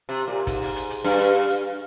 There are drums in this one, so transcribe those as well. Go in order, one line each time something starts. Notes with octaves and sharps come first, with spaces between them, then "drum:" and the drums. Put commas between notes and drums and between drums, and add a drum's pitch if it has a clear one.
C3
A#2
G#2, drum: kick, hi-hat
drum: open hi-hat
drum: hi-hat
drum: hi-hat
G2, drum: hi-hat
drum: hi-hat
drum: hi-hat